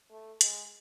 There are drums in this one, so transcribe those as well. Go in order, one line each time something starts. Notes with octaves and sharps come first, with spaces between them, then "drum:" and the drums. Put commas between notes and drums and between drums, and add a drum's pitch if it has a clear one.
A3
G#3, drum: hi-hat